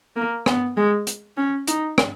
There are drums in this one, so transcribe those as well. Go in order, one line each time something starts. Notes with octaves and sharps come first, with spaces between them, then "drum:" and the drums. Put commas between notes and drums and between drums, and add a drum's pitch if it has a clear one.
A#3
B3, drum: rim click
G#3
drum: hi-hat
C#4
D#4, drum: hi-hat
drum: rim click